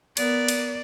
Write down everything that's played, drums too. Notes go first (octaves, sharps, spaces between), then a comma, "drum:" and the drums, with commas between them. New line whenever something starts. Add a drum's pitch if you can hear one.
B3 A#4 D5, drum: cymbal
drum: cymbal